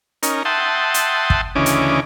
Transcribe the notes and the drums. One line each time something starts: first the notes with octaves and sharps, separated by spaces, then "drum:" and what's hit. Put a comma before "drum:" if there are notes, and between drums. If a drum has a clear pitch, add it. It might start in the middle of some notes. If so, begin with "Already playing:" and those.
C#4 D#4 A#4, drum: hi-hat
E5 F#5 G5 A5 C6 D#6
drum: hi-hat
drum: kick
D2 C#3 E3 C#4 D#5 D6
drum: hi-hat